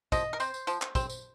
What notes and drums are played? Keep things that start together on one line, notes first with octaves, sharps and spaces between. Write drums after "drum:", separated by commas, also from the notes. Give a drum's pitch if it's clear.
F3 D#5, drum: kick, tambourine
A#4
C4 C5, drum: tambourine
drum: tambourine
F3, drum: tambourine
drum: clap
C4, drum: kick, tambourine
drum: tambourine